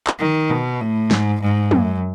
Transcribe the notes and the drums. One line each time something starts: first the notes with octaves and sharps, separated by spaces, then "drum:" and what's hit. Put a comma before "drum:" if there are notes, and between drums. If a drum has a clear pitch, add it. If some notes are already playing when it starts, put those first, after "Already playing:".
drum: clap
D#3
B2
A2
G#2, drum: snare
G#2
F#2, drum: tom